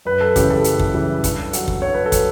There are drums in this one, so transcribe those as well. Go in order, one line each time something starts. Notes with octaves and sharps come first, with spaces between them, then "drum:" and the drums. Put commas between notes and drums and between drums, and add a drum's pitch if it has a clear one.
F#2 B4
A4
C#3 E3 G3 G4, drum: kick, hi-hat
A4
F#2, drum: hi-hat
drum: kick
C#3 E3 G3
G2, drum: kick, hi-hat
F#3, drum: hi-hat
drum: kick
G2 C#5
B4
A4
F#3, drum: kick, hi-hat